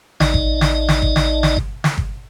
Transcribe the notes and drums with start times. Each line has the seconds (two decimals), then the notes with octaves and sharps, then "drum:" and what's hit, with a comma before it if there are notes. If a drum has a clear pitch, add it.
0.20 A1 D#4 D5 D#5, drum: snare
0.34 drum: kick G1
0.61 drum: snare
0.88 drum: snare
1.02 drum: kick G1
1.16 drum: snare
1.43 drum: snare
1.57 drum: kick G1
1.84 drum: snare
1.98 drum: kick G1